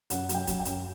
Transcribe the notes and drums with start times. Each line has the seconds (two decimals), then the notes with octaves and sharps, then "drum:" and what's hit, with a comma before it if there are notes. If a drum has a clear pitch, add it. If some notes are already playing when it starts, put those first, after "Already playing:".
0.10 F#2 F#5, drum: hi-hat
0.29 F#3, drum: hi-hat
0.35 G5
0.47 F#3, drum: kick, hi-hat
0.60 G5
0.65 F#2, drum: hi-hat